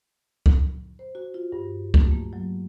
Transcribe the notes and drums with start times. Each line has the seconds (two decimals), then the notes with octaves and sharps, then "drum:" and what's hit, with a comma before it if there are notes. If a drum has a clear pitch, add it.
0.46 drum: kick
0.99 C5
1.15 F#4
1.34 F4
1.52 G2
1.94 A3, drum: kick
2.11 A#3
2.33 F#3